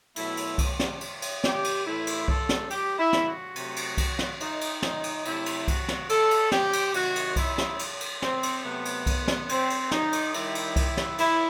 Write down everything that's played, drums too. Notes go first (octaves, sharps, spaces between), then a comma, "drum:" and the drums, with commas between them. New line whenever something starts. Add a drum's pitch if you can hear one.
B2 F#3 A3 E4, drum: cymbal
drum: cymbal
drum: kick C2, cymbal
drum: snare
drum: cymbal
drum: cymbal
G4, drum: snare
drum: cymbal
A2 E3 A3 E4
drum: cymbal
A4, drum: kick C2
drum: snare
G4, drum: cymbal
E4
drum: snare
F#4
C3 F#3 A3, drum: cymbal
drum: cymbal
drum: kick C2, cymbal
drum: snare
D#4, drum: cymbal
drum: cymbal
drum: snare
drum: cymbal
C3 F#3 A3 E4, drum: cymbal
drum: cymbal
F#4, drum: kick C2, cymbal
drum: snare
A4, drum: cymbal
drum: cymbal
G4, drum: snare
drum: cymbal
C3 D#3 F#3 F#4, drum: cymbal
drum: cymbal
E4, drum: kick C2, cymbal
drum: snare
drum: cymbal
drum: cymbal
C4, drum: snare
drum: cymbal
C3 F#3 A3 B3
drum: cymbal
drum: kick C2, cymbal
drum: snare
C4, drum: cymbal
drum: cymbal
D#4, drum: snare
drum: cymbal
D#3 G3 E4, drum: cymbal
drum: cymbal
drum: kick C2, cymbal
drum: snare
E4, drum: cymbal